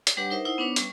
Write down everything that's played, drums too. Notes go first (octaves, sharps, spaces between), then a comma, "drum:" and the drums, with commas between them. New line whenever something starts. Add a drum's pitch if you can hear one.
drum: hi-hat
G3 D4 G4 B4 C#5 F#5
D#4 A#4 C5 E5
D#4 E4 C5 F#5
B3 C#4 D4 B4 C#5
G3 C#6, drum: hi-hat